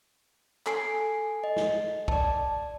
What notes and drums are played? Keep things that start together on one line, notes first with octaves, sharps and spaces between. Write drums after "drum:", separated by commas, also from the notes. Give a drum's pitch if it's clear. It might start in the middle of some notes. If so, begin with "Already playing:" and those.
A4 G#5 C7, drum: clap
D#5
drum: snare
D5 A5, drum: kick